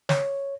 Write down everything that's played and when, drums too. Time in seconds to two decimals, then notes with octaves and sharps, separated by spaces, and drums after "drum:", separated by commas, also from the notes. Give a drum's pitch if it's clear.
0.09 C#5, drum: snare